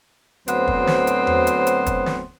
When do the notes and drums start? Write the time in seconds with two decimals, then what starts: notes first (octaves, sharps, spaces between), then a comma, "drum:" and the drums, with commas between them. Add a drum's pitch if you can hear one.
0.48 D2 F#3 B3 C4 C5, drum: hi-hat
0.67 drum: kick
0.87 drum: snare
1.07 drum: hi-hat
1.27 drum: tom E2
1.47 drum: hi-hat
1.67 drum: hi-hat
1.86 drum: kick, hi-hat
2.06 drum: snare